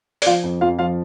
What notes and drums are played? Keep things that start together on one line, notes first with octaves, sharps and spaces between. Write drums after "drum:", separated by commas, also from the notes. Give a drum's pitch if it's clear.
D5, drum: open hi-hat
F3 F4 F5
F2
F2 F4 F5
F3 F4 F5